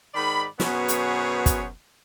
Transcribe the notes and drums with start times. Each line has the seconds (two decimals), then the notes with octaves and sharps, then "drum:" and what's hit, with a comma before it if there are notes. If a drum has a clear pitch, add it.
0.14 G#2 D#3 D5 B5
0.60 F#2 B2 B3 G#4 C5 C#5, drum: snare
0.88 drum: hi-hat
1.46 drum: kick, hi-hat